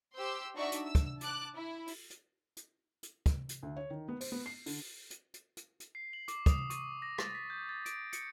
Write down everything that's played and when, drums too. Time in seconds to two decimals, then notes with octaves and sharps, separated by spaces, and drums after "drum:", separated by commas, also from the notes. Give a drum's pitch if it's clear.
0.17 G4 C5 C6 E6 G6
0.55 D4 D#4 F#4 D5 E5 C#6
0.72 drum: hi-hat
0.86 E6
0.95 drum: kick, hi-hat
1.21 A5 D6 F#6, drum: hi-hat
1.55 E4
1.87 drum: open hi-hat
2.10 drum: hi-hat
2.57 drum: hi-hat
3.03 drum: hi-hat
3.26 drum: kick, hi-hat
3.49 drum: hi-hat
3.63 D2
3.77 C#5
3.90 D#3
4.08 B3
4.20 C5, drum: open hi-hat
4.32 B3
4.46 C7
4.66 D3, drum: open hi-hat
5.11 drum: hi-hat
5.34 drum: hi-hat
5.57 drum: hi-hat
5.80 drum: hi-hat
5.95 C7
6.13 F#7
6.28 D6, drum: hi-hat
6.46 D#6, drum: kick, hi-hat
6.70 C#6, drum: hi-hat
7.02 A#6
7.18 A6, drum: rim click
7.35 B6
7.50 G6
7.69 A6
7.86 D7, drum: hi-hat
8.13 C#7, drum: hi-hat